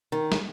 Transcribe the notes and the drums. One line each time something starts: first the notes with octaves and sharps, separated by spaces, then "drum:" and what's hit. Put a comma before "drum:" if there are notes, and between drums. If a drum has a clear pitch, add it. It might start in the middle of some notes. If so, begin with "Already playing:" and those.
D#3
drum: snare